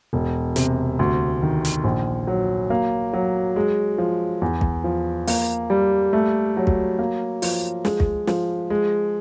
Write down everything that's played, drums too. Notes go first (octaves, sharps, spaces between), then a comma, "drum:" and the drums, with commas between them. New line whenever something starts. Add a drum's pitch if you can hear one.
E1
C3, drum: hi-hat
D2
D#3
drum: hi-hat
A#1
F#3
A#3
F#3
G#3
F3
E2
drum: kick
F3
A#3, drum: open hi-hat
G3
A3
F#3
drum: kick
A#3
F3, drum: open hi-hat
G#3, drum: snare
drum: kick
F3, drum: snare
G#3